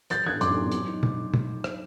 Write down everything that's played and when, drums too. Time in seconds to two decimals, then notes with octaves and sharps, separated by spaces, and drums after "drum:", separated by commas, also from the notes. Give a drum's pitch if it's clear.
0.10 F#3 G6 A6, drum: hi-hat
0.26 F#3 F#6 G#6
0.41 F#2 C6 D6, drum: hi-hat
0.56 B3
0.72 F#3, drum: hi-hat
0.88 D#4
1.03 drum: tom
1.34 drum: tom
1.64 drum: rim click